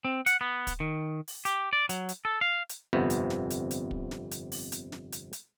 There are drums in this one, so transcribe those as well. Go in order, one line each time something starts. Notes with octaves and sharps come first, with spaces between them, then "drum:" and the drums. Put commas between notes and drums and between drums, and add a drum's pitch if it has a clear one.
C4
F#5, drum: hi-hat
B3
drum: kick, hi-hat
D#3
drum: open hi-hat
G4, drum: hi-hat
D5
F#3, drum: hi-hat
drum: hi-hat
A4
F5
drum: hi-hat
G1 F2 C3 B3
drum: hi-hat
drum: snare
drum: hi-hat
drum: hi-hat
drum: kick
drum: snare
drum: hi-hat
drum: open hi-hat
drum: hi-hat
drum: snare
drum: hi-hat
drum: hi-hat